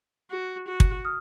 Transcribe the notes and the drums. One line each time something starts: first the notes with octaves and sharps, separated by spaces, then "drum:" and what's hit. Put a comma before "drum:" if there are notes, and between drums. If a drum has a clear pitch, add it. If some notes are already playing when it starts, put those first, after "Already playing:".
F#4
F#4
drum: kick
D#6 F6